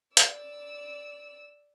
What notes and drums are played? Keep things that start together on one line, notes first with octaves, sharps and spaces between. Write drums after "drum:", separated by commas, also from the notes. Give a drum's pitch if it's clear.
D5 E6, drum: hi-hat